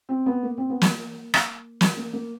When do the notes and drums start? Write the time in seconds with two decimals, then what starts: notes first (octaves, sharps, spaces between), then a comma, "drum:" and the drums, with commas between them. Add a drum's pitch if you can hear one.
0.09 C4
0.26 B3
0.43 A#3
0.58 C4
0.70 B3
0.82 A#3, drum: snare
1.34 drum: rim click
1.81 drum: snare
1.97 A#3
2.13 A#3